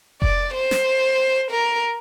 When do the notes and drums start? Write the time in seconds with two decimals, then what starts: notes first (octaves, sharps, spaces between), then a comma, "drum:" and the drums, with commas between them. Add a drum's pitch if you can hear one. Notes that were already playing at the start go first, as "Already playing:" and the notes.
0.22 D5, drum: kick F1
0.54 C5
0.71 drum: snare
1.51 A#4